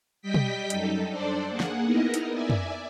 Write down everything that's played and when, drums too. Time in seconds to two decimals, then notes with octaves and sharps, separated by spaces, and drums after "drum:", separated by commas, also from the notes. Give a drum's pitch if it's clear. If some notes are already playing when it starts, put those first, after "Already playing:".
0.22 G3 D#5 G5 B6
0.34 drum: tom B2
0.70 F#2 D#4 A4, drum: hi-hat
1.10 D4 A4 C5 D5
1.50 A#3 G#4 F#5
1.60 drum: snare
1.85 B3 D#4 E4 A#4 D#5
2.14 drum: hi-hat
2.32 D5 E5 G#5
2.50 drum: tom